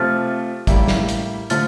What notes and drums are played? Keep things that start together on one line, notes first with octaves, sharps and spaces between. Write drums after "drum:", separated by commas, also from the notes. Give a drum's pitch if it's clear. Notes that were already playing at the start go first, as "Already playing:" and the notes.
Already playing: C3 F3 A3 F6 A6
A2 G3 A#3 E4, drum: kick, hi-hat
drum: snare
drum: hi-hat
D3 F3 A3 F6 A6, drum: hi-hat